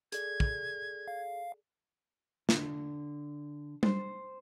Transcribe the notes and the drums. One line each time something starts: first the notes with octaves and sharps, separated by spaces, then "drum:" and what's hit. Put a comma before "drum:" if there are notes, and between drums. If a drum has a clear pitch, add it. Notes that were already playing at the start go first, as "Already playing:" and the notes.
G#4 A4 D5 G#6, drum: hi-hat
drum: kick
F5
D3, drum: snare
C5, drum: tom G3